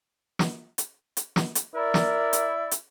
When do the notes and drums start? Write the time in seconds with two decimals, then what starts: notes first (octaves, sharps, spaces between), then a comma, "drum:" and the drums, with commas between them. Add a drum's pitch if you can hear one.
0.39 drum: snare
0.78 drum: hi-hat
1.17 drum: hi-hat
1.36 drum: snare
1.55 drum: hi-hat
1.75 E4 A#4 D5
1.94 drum: snare
2.33 drum: hi-hat
2.71 drum: hi-hat